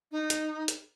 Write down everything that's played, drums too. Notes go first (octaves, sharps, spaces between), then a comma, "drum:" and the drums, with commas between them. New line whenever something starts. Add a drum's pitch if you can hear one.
D#4
drum: hi-hat
drum: hi-hat